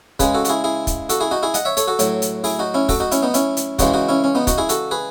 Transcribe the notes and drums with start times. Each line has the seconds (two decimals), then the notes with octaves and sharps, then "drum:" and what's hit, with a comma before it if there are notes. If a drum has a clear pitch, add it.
0.20 C#3 G#3 G#4 B4, drum: kick, hi-hat
0.35 F#4 A4
0.45 F#4, drum: hi-hat
0.49 E4 G#4
0.64 E4 G#4
0.87 drum: kick, hi-hat
1.09 F#4 A4, drum: hi-hat
1.20 E4 G#4
1.31 D#4 F#4
1.43 E4 G#4
1.54 D#5 F#5, drum: hi-hat
1.65 C#5 E5
1.77 A4 C#5, drum: hi-hat
1.88 F#4 A4
1.99 A2 F#3, drum: hi-hat
2.22 drum: hi-hat
2.44 E4 G#4, drum: open hi-hat
2.59 D#4 F#4
2.74 C#4 E4
2.89 F#4 A4, drum: kick, open hi-hat
3.00 D#4 F#4
3.12 C#4 E4, drum: hi-hat
3.22 B3 D#4
3.34 C#4 E4, drum: hi-hat
3.57 drum: hi-hat
3.79 C#3 E3 G#3 D#4 F#4, drum: kick, hi-hat
3.94 D#4 F#4
4.09 C#4 E4
4.24 C#4
4.35 B3 D#4
4.47 D#4 F#4, drum: kick, hi-hat
4.58 E4 G#4
4.69 F#4 A4, drum: hi-hat
4.91 G#4 B4